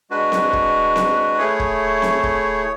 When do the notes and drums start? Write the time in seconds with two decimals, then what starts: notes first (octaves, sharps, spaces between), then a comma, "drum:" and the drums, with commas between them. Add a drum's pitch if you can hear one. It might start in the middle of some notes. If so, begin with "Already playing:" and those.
0.10 G#3 D4 F#4 B4
0.32 drum: snare C4
0.53 drum: kick
0.96 drum: snare C4
1.38 A3 E4 G#4 C#5
1.60 drum: kick
2.02 drum: snare C4
2.23 drum: kick